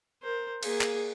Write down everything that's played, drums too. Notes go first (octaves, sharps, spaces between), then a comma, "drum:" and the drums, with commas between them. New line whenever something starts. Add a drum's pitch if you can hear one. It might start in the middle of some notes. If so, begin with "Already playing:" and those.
A#4 C5
A#3 G#4, drum: cymbal
drum: clap